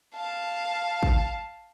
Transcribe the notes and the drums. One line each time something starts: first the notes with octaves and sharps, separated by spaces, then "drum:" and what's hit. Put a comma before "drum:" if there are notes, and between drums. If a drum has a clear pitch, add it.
F5 A5
drum: kick